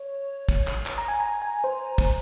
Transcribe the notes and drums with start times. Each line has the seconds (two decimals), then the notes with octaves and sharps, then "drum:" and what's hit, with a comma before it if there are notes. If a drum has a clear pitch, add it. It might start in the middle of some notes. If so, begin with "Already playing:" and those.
Already playing: C#5
0.49 drum: kick, cymbal
0.67 drum: clap
0.86 drum: clap
0.98 A#5
1.08 G#5
1.20 A#5
1.42 G#5
1.64 C5
1.98 drum: kick, cymbal